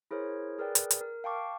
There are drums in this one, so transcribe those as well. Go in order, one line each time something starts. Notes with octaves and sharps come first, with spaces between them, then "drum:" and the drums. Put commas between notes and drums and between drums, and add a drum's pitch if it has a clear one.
E4 G#4 A#4 C5 C#5
G#4 A#4 B4 D5 G5
drum: hi-hat
drum: hi-hat
A#4
F5 G5 A5 C#6 D6